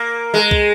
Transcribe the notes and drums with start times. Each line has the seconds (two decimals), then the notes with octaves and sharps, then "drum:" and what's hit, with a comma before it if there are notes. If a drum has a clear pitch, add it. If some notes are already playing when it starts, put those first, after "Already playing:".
Already playing: A#3
0.34 G#3
0.51 drum: kick C2